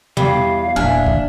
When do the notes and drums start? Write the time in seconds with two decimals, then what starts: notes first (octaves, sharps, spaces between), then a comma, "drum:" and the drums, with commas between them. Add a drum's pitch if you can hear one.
0.17 E2 G3 F5, drum: tom
0.76 E1 A#2 D4 E5 F5 G#5
1.06 drum: kick